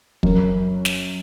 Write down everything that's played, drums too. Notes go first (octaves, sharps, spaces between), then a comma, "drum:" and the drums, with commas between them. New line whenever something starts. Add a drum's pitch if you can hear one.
F#2 A#4, drum: kick
drum: snare